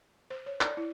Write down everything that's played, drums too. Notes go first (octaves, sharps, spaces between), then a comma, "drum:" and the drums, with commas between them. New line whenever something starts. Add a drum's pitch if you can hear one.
C5
C#5
D5, drum: clap
E4